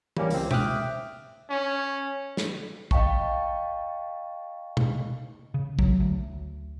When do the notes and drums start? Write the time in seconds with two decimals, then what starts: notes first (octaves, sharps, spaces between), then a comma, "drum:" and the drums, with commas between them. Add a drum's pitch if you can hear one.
0.17 G3 A#3 C#4 G4, drum: tom
0.30 C#2 C4, drum: open hi-hat
0.51 E5 G5 D6 D#6 F6 F#6, drum: tom
1.50 C#4
2.37 drum: snare
2.91 D#5 F5 G5 A5 C#6, drum: kick
4.77 drum: tom
5.54 C#3
5.79 F#3, drum: kick
6.00 D2